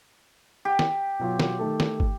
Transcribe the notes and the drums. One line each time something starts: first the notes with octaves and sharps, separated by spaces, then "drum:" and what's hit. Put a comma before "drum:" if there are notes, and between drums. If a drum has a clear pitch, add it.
G4
drum: snare
B2 F#3 F4
drum: snare
D#3 A3 A4
drum: snare
drum: kick